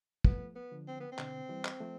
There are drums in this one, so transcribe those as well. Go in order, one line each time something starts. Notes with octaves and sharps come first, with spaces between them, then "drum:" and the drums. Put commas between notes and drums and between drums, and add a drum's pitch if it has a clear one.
F3 A3 B3, drum: kick
B3
D3 F3
C4
B3
C4
B2 D3, drum: clap
E3 G3
drum: clap
F3 A3